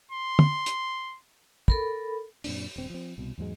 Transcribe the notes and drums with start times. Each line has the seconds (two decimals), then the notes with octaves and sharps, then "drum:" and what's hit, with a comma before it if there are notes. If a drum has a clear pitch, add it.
0.11 C6
0.39 drum: tom
0.66 drum: hi-hat
1.68 A4 A#4 B5, drum: kick
2.44 F#2 A#2 C4 D4, drum: open hi-hat
2.76 D#1 G2 C4
2.90 F3 C4
3.18 C2 B2
3.38 E2 G#2 F#3 G#3